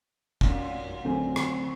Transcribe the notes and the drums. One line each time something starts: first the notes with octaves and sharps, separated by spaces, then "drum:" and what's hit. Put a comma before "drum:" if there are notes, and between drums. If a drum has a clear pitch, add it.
F#2 A#2, drum: kick
D3 F#3 A3 C4 C5 G#5
drum: rim click